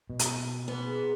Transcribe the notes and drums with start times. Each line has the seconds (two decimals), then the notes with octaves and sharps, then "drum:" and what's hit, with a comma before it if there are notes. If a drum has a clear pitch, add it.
0.10 B2
0.19 drum: hi-hat
0.68 G#2 B3